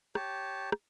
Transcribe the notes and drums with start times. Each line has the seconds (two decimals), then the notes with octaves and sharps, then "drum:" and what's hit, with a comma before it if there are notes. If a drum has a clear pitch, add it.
0.15 G4 C#5 A5, drum: rim click
0.72 drum: rim click